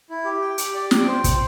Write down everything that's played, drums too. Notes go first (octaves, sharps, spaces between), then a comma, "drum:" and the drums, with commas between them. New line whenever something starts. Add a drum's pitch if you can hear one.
E4
G4
G5
G4, drum: hi-hat
D5
G5, drum: snare
C5
C5, drum: kick, hi-hat